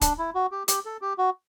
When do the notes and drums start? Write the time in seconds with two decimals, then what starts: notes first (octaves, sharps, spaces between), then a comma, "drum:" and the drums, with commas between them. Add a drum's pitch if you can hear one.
0.01 D4, drum: kick D1, hi-hat
0.19 E4
0.35 F#4
0.52 G4
0.68 G4, drum: hi-hat
0.85 A4
1.02 G4
1.18 F#4